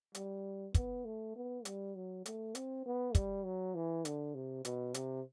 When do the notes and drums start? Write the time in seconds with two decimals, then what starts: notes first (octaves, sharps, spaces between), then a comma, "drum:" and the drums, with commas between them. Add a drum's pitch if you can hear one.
0.15 G3, drum: hi-hat
0.74 B3, drum: kick, hi-hat
1.05 A3
1.35 B3
1.65 G3, drum: hi-hat
1.95 F#3
2.26 A3, drum: hi-hat
2.55 C4, drum: hi-hat
2.85 B3
3.15 G3, drum: kick, hi-hat
3.44 F#3
3.75 E3
4.05 D3, drum: hi-hat
4.34 C3
4.65 B2, drum: hi-hat
4.94 C3, drum: hi-hat